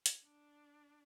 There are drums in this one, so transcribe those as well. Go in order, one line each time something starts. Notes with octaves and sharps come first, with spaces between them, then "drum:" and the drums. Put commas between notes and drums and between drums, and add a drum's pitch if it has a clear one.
drum: hi-hat
D4